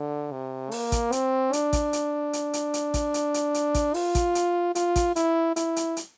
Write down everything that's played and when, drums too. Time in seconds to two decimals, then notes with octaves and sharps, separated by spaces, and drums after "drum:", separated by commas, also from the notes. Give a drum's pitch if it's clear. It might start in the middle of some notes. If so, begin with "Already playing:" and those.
Already playing: D3
0.32 C3
0.71 A#3, drum: open hi-hat
0.92 drum: kick A1, hi-hat
1.12 C4, drum: hi-hat
1.53 D4, drum: hi-hat
1.73 drum: kick A1, hi-hat
1.93 drum: hi-hat
2.33 drum: hi-hat
2.53 drum: hi-hat
2.74 drum: hi-hat
2.94 drum: kick A1, hi-hat
3.14 drum: hi-hat
3.34 drum: hi-hat
3.54 drum: hi-hat
3.75 drum: kick A1, hi-hat
3.94 F4, drum: open hi-hat
4.15 drum: kick A1, hi-hat
4.35 drum: hi-hat
4.75 F4, drum: hi-hat
4.96 drum: kick A1, hi-hat
5.16 E4, drum: hi-hat
5.56 E4, drum: hi-hat
5.76 drum: hi-hat
5.97 drum: hi-hat